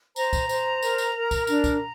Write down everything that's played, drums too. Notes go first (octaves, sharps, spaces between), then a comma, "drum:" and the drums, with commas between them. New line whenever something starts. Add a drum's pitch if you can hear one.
C5 A#5, drum: tambourine
drum: kick, tambourine
C5, drum: tambourine
A#4, drum: tambourine
drum: tambourine
A#4
drum: kick, tambourine
D4 A#5, drum: tambourine
drum: kick, tambourine